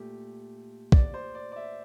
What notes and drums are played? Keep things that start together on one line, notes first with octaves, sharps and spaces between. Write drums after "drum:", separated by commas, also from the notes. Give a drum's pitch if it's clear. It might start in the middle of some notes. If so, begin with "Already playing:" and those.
Already playing: A#2 A3 G4
D5, drum: kick
C5
D5
D5
E5